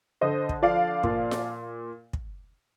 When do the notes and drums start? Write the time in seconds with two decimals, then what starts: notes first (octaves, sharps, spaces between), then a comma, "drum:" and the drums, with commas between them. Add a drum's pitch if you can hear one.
0.21 D3 C5 D#5
0.49 drum: kick
0.62 F3 D5 F5
1.03 A#2, drum: kick
1.31 drum: snare F4
2.13 drum: kick